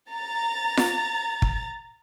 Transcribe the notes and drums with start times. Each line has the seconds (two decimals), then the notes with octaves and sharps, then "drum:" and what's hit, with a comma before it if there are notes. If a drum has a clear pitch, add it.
0.12 A#5 A6
0.77 drum: snare F4
1.42 drum: kick